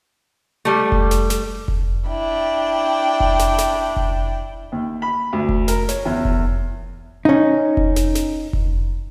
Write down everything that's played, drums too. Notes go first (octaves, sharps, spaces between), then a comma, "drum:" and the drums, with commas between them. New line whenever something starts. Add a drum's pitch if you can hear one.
G3 A3
drum: kick F1
drum: snare
drum: snare
drum: kick F1
D4 E4 G5
drum: kick F1
drum: snare
drum: snare
drum: kick F1
D#2
B5
D2
drum: kick F1
A#4, drum: snare
C#5, drum: snare
E2
drum: kick F1
C#4 D#4
drum: kick F1
drum: snare
drum: snare
drum: kick F1